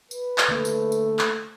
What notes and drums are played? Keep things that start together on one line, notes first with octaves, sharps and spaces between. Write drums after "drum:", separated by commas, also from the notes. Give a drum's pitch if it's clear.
B4, drum: tambourine
drum: clap
D3 A3 A#3
drum: tambourine
drum: tambourine
drum: clap